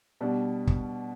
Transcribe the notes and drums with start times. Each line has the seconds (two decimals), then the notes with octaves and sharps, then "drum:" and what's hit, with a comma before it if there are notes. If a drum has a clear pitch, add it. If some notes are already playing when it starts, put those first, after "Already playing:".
0.21 B2 G3 D4
0.67 drum: kick